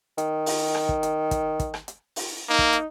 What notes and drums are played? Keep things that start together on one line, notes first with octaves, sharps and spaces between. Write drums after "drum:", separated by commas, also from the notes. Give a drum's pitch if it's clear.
D#3, drum: hi-hat
drum: open hi-hat
drum: rim click
drum: kick
drum: hi-hat
drum: kick, hi-hat
drum: kick, hi-hat
drum: rim click
drum: hi-hat
drum: open hi-hat
A#3 D#4
drum: kick
drum: hi-hat